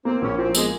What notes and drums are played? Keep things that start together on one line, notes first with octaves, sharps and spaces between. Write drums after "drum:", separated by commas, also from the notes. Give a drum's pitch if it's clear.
A#3 C4
A#1 C#4
F3 C4
G#3 A#3, drum: tambourine